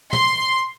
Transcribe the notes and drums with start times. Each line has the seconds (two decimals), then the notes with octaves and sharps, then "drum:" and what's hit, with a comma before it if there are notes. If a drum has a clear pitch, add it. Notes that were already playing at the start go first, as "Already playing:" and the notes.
0.13 C6, drum: tom